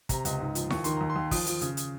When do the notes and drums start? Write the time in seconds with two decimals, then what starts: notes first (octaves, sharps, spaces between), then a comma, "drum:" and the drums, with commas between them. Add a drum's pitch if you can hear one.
0.09 C3 A#5, drum: kick, hi-hat
0.25 C#2, drum: hi-hat
0.40 G#2
0.55 F3, drum: hi-hat
0.70 D#2 C#6, drum: snare E4
0.84 D#3 C6, drum: hi-hat
0.97 D#2 A#5
1.10 C6
1.16 D#2
1.31 F3 D#6, drum: kick, open hi-hat
1.46 F3, drum: hi-hat
1.61 C#3, drum: hi-hat
1.77 drum: hi-hat